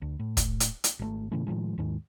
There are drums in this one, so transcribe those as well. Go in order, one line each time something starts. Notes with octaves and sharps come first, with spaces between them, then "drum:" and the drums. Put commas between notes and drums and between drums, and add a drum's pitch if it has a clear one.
D2
A2
drum: kick, hi-hat
drum: hi-hat
drum: hi-hat
G#1 D#3 A3
A2 C#3 E3 A3
A2 D#3 F3 G#3
D#2 G#2 D#3 G#3